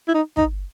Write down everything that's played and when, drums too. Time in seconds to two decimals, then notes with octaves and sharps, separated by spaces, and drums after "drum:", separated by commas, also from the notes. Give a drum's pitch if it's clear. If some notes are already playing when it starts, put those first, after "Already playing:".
0.08 E4
0.14 D#4
0.37 D#4, drum: kick